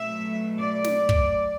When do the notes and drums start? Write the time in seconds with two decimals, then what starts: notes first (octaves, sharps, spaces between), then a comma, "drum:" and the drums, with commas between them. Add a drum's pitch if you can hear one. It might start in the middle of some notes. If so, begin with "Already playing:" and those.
Already playing: B2 F#3 A3 E5
0.59 D5
0.84 drum: snare
1.09 drum: kick